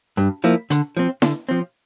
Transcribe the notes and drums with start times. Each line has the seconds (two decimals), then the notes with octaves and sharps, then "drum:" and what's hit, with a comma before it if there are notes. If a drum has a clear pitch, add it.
0.17 G2
0.44 F3 A#3 E4
0.70 D3, drum: hi-hat
0.97 F3 C4
1.22 D3, drum: snare E4
1.49 F3 C4